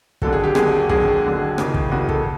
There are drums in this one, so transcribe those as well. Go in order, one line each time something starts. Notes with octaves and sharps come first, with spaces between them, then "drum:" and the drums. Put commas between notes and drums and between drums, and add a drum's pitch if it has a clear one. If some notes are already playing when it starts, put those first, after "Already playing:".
D#2 D3 F#3 A4, drum: kick
G#4
G4
D#2 D3 F#3 G#4, drum: rim click
D#2 D3 F#3 G#4, drum: kick
D#2 D3 F#3
D#2 C#3 E3, drum: rim click
drum: kick
D#2 C#3 E3 F#4
A4, drum: kick